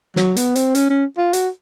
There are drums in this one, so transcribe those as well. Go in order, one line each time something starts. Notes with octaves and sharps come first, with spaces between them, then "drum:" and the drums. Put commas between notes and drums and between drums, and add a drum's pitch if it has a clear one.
F#3, drum: snare
B3, drum: hi-hat
C4, drum: hi-hat
C#4, drum: hi-hat
C#4
F4
F#4, drum: hi-hat